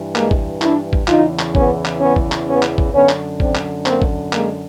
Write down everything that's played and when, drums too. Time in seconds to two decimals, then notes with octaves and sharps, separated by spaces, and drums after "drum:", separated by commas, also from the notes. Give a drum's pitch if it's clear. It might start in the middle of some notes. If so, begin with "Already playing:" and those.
Already playing: G2 E3
0.16 G#3 A#3, drum: clap
0.31 drum: kick
0.62 D4 E4, drum: clap
0.93 drum: kick
1.08 E2 C#3 E3 D#4 F4, drum: clap
1.39 drum: clap
1.55 B3 C#4, drum: kick
1.85 drum: clap
2.01 B3 C#4
2.16 drum: kick
2.32 drum: clap
2.47 B3 C#4
2.63 drum: clap
2.78 drum: kick
2.93 F#2 D3 B3 C#4
3.09 drum: clap
3.40 C4 D4, drum: kick
3.55 drum: clap
3.86 A#3 C4, drum: clap
4.02 drum: kick
4.33 G#3 A#3, drum: clap